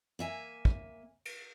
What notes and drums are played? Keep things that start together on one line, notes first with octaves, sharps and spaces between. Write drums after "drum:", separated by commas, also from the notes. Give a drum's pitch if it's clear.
A#3 E5 G#5
drum: kick
drum: cymbal